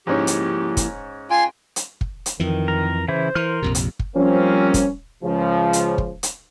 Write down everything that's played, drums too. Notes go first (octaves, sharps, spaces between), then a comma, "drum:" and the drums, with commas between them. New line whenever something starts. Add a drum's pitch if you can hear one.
G#2 F3 A#3 C#4 E4 G4
drum: hi-hat
drum: kick, hi-hat
F4 G5 G#5 C6
drum: hi-hat
drum: kick
drum: hi-hat
F2 D#3 E3
A#4
C#3 E3 E4 C5
E3 A#4 C6 F6
A#1 F2 C3
drum: hi-hat
drum: kick
F3 G3 A#3 C4 C#4
drum: kick, hi-hat
C#2 C#3 F3
drum: hi-hat
drum: kick
drum: hi-hat